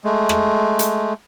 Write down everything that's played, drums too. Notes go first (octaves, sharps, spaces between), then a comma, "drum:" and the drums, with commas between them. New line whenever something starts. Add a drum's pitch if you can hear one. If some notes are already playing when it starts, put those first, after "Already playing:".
G#3 A3
drum: rim click
drum: hi-hat